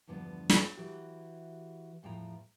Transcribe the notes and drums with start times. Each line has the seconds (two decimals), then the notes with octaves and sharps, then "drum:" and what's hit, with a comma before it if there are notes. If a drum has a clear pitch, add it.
0.08 E2 G2 D3 F3 B3
0.50 drum: snare
0.77 E3 F#3 F#4 G4
2.03 E2 A2 F3 G5 A#5